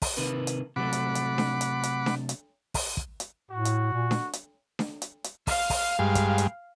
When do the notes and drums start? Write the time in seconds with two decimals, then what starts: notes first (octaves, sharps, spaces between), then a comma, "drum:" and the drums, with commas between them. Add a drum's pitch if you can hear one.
0.02 drum: kick, open hi-hat
0.17 C3 D#3 B4
0.47 drum: hi-hat
0.76 C3 F#3 A3 F#5 B5 D6
0.93 drum: hi-hat
1.15 drum: hi-hat
1.38 drum: snare D4
1.61 drum: hi-hat
1.83 drum: hi-hat
2.06 drum: snare D4
2.29 drum: hi-hat
2.74 drum: kick, open hi-hat
2.97 drum: kick
3.20 drum: hi-hat
3.51 A2 F#4
3.65 drum: hi-hat
3.93 A#2
4.11 drum: snare D4
4.33 drum: hi-hat
4.79 drum: snare D4
5.02 drum: hi-hat
5.24 drum: hi-hat
5.47 F5, drum: kick, open hi-hat
5.70 drum: kick, open hi-hat
5.99 G2 G#3
6.15 drum: kick, hi-hat
6.38 drum: hi-hat